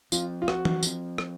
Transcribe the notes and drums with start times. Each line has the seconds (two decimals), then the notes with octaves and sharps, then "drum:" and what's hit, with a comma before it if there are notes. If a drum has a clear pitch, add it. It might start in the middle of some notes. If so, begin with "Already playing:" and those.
0.12 F3 C4 F4, drum: tambourine
0.42 F4
0.48 F#4, drum: rim click
0.65 drum: tom E3
0.83 F3 C4, drum: tambourine
1.18 drum: rim click